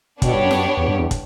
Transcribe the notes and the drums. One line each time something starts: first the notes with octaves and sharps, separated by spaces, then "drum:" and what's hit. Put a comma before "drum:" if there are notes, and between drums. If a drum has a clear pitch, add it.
B2 B3 D4 G4 C#5, drum: kick, hi-hat
G2
F#2
G2, drum: snare F4
F#2
E2
G2
E2
drum: kick, hi-hat